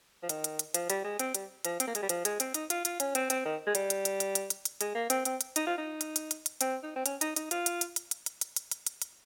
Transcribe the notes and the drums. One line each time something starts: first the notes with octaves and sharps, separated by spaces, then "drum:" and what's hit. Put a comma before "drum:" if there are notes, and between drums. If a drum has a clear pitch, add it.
F3
D#3, drum: hi-hat
drum: hi-hat
drum: hi-hat
F3, drum: hi-hat
G3, drum: hi-hat
G#3
C4, drum: hi-hat
G3, drum: hi-hat
F3, drum: hi-hat
C4, drum: hi-hat
A#3
G#3, drum: hi-hat
G3
F3, drum: hi-hat
G#3, drum: hi-hat
C4, drum: hi-hat
D#4, drum: hi-hat
F4, drum: hi-hat
F4, drum: hi-hat
C#4, drum: hi-hat
C4, drum: hi-hat
C4, drum: hi-hat
D#3
G#3
G3, drum: hi-hat
drum: hi-hat
drum: hi-hat
drum: hi-hat
drum: hi-hat
drum: hi-hat
drum: hi-hat
G#3, drum: hi-hat
A#3
C4, drum: hi-hat
C4, drum: hi-hat
drum: hi-hat
D#4, drum: hi-hat
F4
D#4
drum: hi-hat
drum: hi-hat
drum: hi-hat
drum: hi-hat
C4, drum: hi-hat
D#4
C4
C#4, drum: hi-hat
D#4, drum: hi-hat
D#4, drum: hi-hat
F4, drum: hi-hat
drum: hi-hat
drum: hi-hat
drum: hi-hat
drum: hi-hat
drum: hi-hat
drum: hi-hat
drum: hi-hat
drum: hi-hat
drum: hi-hat
drum: hi-hat